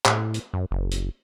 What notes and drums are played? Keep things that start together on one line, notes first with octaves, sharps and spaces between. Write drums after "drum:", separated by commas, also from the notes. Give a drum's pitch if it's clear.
A2, drum: clap
drum: hi-hat
F#2
F#1
drum: hi-hat